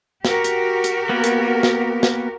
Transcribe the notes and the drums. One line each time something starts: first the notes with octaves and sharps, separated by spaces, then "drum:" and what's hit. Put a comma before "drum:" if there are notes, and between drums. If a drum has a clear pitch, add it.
F#4 G4 A#4, drum: snare
drum: hi-hat
drum: hi-hat
A#3 B3
drum: hi-hat
drum: snare
drum: snare